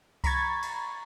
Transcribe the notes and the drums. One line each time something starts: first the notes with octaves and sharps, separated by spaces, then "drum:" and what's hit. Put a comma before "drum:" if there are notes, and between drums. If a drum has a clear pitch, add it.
A#5 B5 C#6 G#6 A6, drum: kick C2, cymbal
drum: cymbal